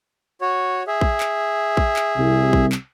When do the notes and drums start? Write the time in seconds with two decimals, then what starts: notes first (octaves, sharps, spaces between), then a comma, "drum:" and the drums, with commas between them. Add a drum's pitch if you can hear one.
0.41 F#4 C#5
0.87 G#4 E5
1.01 drum: kick
1.20 drum: clap
1.77 drum: kick
1.96 drum: clap
2.15 C2
2.53 drum: kick
2.72 drum: clap